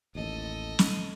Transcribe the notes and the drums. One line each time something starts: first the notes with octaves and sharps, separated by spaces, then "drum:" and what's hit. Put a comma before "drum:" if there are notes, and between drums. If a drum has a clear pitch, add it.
A1 D#2 A4 D#5
drum: snare